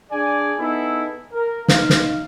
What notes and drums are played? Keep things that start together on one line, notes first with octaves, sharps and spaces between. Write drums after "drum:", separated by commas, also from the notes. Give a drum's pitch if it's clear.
D4 G#4 D5 G#5
B3 D#4 E4 G#4 A4
A#4
D#4 F5, drum: snare
drum: snare